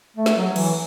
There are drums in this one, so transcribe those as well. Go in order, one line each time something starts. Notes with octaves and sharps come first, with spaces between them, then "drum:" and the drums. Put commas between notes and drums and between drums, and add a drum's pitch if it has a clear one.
A3
drum: snare
F#3
E3, drum: cymbal